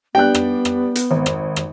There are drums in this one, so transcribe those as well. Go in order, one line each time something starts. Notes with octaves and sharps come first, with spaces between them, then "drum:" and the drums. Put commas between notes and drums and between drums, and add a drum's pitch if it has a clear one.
G3 B3 D4 G5 F#6
drum: rim click
drum: rim click
drum: hi-hat
G#1
drum: rim click
drum: rim click